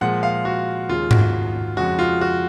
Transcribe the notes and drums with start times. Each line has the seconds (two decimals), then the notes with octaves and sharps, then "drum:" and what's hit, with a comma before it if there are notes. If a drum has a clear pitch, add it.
0.01 A#2 F3 G#3 F#5
0.23 F5
0.45 F#4
0.89 D#2 C#3 G#3 F4
1.11 F#4, drum: tom G#2
1.77 F2 C#3 G#3 F#4
1.99 F4
2.21 F#4